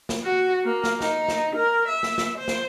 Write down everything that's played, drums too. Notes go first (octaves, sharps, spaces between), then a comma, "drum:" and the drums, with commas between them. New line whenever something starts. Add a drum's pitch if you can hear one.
drum: snare
F#4
A#3
drum: snare
D#4, drum: snare
drum: snare
A#4
E5
drum: snare
drum: snare
C5
drum: snare